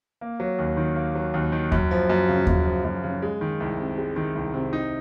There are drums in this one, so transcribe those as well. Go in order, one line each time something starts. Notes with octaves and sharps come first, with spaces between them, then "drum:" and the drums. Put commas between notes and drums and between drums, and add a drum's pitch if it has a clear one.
A#3
F#3
D#2
D#3
A#3
F#3
D#2
D#3
F#2, drum: kick D#2
F3
F#2
C#3
F#2, drum: kick D#2
F3
F#2
C#3
G#3
D#3
C2
C3
G#3
D#3
C2
C3
D#4